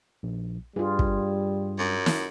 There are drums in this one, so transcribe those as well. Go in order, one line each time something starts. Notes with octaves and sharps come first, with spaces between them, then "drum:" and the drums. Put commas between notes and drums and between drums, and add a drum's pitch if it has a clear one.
A#1
G2 G3 F4 G#4
drum: kick
F#2
drum: snare